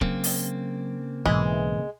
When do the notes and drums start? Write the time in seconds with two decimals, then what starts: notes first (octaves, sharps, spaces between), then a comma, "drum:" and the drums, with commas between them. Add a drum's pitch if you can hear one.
0.01 C#3 F#3 A#3 C4, drum: kick
0.24 drum: open hi-hat
1.26 B1 G#2 E3 G#3